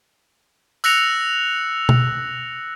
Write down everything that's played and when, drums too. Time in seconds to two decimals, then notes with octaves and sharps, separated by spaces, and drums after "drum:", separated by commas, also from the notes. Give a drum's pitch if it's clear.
0.84 E6 F#6 A#6 C#7 F7, drum: tambourine
1.89 drum: tom B2